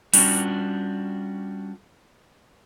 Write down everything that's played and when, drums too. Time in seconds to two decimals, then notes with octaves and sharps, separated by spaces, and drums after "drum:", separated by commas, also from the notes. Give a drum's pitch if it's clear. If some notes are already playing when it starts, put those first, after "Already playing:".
0.13 G3 C#4 D4 F4 F#4, drum: open hi-hat